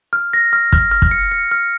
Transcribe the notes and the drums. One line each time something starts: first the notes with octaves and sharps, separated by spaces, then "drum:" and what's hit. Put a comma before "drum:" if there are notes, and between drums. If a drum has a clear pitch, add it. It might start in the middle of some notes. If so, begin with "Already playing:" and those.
F6
A#6
F6
F6, drum: kick
F6
drum: kick
C#7
C#7
F6